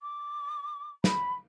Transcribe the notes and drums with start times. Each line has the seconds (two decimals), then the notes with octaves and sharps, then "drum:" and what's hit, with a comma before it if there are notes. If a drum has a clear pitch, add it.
0.02 D6
1.04 B5, drum: snare